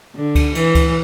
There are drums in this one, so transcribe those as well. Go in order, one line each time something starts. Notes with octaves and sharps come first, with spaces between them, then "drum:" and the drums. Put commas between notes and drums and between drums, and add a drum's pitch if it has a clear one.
D3
drum: kick C#2, cymbal
E3, drum: cymbal
drum: kick C#2, cymbal